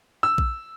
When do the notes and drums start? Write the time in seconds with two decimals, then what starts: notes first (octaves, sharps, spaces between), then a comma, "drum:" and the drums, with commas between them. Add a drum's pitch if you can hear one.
0.23 E6
0.38 drum: kick A#1